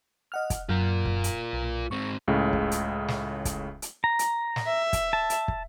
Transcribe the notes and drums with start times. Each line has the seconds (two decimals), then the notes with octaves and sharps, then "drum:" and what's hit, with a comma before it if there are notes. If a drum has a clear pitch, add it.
0.32 D#5 F#5 F6
0.50 drum: kick, hi-hat
0.69 F#2 F4 A#4
1.05 drum: kick
1.24 drum: hi-hat
1.53 B1
1.91 G#2 C4 C#6
2.28 C#2 A2 C#3
2.53 drum: kick
2.71 drum: hi-hat
3.08 drum: snare
3.45 drum: kick, hi-hat
3.82 drum: hi-hat
4.04 A#5
4.19 drum: hi-hat
4.56 drum: snare
4.67 E5
4.93 drum: kick, hi-hat
5.13 A5
5.30 drum: hi-hat
5.48 drum: kick